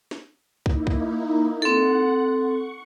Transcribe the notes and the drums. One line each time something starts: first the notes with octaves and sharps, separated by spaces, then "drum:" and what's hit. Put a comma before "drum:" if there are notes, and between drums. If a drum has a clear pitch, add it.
drum: snare
A#3 D#4 E4, drum: kick
drum: kick
C4 A4 F#5
C#6